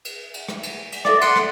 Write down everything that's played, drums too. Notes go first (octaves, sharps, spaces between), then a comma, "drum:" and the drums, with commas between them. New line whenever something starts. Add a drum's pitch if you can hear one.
drum: cymbal
drum: cymbal
drum: rim click
drum: cymbal
drum: cymbal
A4 D5 E5 D6, drum: rim click
F#5 C6, drum: cymbal
drum: rim click